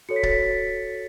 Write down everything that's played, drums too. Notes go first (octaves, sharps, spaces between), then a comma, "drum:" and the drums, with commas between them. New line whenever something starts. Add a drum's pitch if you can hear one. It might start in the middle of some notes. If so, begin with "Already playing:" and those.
F#4 A4 C#5 C#7
B6
A6, drum: kick
B6